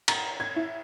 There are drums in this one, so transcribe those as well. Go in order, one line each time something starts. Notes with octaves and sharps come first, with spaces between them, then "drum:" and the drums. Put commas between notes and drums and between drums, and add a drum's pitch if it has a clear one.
A#5, drum: cymbal
G#6
E4